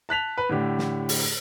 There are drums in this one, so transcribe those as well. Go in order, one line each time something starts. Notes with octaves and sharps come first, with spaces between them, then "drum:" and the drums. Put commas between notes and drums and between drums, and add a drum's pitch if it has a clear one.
A5 F#6 B6 F7
B4
A2 D3 G4
drum: snare
drum: open hi-hat